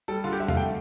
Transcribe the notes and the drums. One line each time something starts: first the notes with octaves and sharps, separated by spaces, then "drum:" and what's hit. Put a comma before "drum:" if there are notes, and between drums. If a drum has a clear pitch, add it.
G3 A4
D3 F4
G4
G3 E5
F5, drum: tom E2
A3 G5